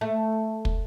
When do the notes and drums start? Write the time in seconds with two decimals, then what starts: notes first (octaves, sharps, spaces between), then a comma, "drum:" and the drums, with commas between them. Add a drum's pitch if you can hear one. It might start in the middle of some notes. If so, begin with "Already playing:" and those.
0.01 A3
0.65 drum: kick